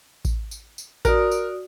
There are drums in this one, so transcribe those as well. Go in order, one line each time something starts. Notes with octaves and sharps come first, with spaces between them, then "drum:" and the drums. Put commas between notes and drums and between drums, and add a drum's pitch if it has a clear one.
drum: kick A1, tambourine
drum: tambourine
drum: tambourine
F#4 A#4 D5 D#6, drum: kick A1, tambourine
drum: tambourine